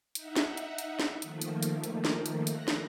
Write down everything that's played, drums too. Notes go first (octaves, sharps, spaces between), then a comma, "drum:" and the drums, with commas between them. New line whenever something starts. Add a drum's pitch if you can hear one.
D#4 E5 F#5, drum: hi-hat
drum: snare
drum: hi-hat
drum: hi-hat
drum: snare
D#3 F3 A3 A#3, drum: hi-hat
drum: hi-hat
drum: hi-hat
drum: hi-hat
drum: snare
drum: hi-hat
F#6 A#6, drum: hi-hat
drum: snare